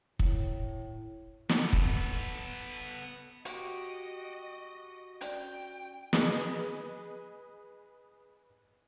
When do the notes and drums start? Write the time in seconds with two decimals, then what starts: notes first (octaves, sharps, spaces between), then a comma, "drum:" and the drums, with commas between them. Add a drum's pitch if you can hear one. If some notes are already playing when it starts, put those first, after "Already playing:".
0.19 A2, drum: kick
1.49 B3 A4, drum: snare
1.73 drum: kick
3.45 F#4 G4 D#5, drum: hi-hat
5.21 C#4 D5 G5, drum: hi-hat
6.13 G#4 B4 D#5, drum: snare